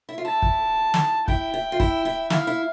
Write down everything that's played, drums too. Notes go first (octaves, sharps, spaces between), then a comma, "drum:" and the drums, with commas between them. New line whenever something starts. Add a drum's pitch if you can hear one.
E4
F4
E4 A5
drum: kick
drum: snare
E4 G5, drum: kick
E4
F4
E4, drum: kick
E4
E4 F5, drum: snare
E4